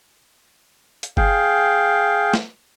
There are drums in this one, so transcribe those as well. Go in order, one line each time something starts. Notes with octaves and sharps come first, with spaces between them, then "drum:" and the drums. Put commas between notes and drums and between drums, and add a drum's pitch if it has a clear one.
drum: hi-hat
G#4 F5 G5, drum: kick G1
drum: snare